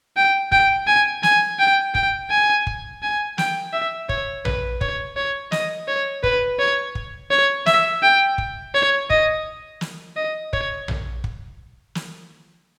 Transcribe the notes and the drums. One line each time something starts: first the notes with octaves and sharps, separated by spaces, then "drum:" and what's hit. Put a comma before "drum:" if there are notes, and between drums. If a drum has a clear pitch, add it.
G5
G5, drum: kick
G#5
G#5, drum: snare
G5
G5, drum: kick
G#5
drum: kick
G#5
G5, drum: snare
E5
C#5, drum: kick
B4, drum: tom A#1
C#5, drum: kick
C#5
D#5, drum: snare
C#5
B4, drum: kick
C#5
drum: kick
C#5
E5, drum: snare
G5
drum: kick
C#5
D#5, drum: kick
drum: snare
D#5
C#5, drum: kick
drum: tom A#1
drum: kick
drum: snare